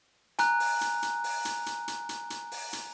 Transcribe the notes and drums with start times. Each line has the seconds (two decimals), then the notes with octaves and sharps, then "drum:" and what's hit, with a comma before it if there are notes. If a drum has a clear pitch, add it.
0.39 G#5 A#5 F#6, drum: hi-hat
0.60 drum: open hi-hat
0.81 drum: hi-hat
1.02 drum: hi-hat
1.24 drum: open hi-hat
1.45 drum: hi-hat
1.66 drum: hi-hat
1.88 drum: hi-hat
2.09 drum: hi-hat
2.30 drum: hi-hat
2.52 drum: open hi-hat
2.73 drum: hi-hat